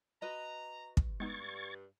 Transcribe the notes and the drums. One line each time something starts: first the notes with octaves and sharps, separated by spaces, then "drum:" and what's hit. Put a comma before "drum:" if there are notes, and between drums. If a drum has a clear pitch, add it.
F#4 B4 D#5 A#5
drum: kick
G2 G#3 B3 D#4 C#6 G#6 A6